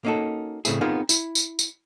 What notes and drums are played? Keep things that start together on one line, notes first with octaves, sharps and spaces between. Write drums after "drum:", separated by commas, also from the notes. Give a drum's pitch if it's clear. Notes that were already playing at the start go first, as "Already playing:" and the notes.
A#3 C#4 D#4 F#4 A4
A2 C#3 A3 C4 E4 G#4, drum: tambourine
B3 C4 D#4 F4 G#4 A#4
E4, drum: tambourine
drum: tambourine
drum: tambourine